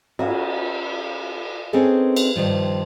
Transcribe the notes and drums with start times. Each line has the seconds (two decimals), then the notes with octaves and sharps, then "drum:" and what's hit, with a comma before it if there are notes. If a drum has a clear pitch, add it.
0.19 C#4 F#4, drum: cymbal
1.73 C4 C#4 D#4 G#4 A4 B4
2.16 drum: cymbal
2.36 G2 D#3 F3 G3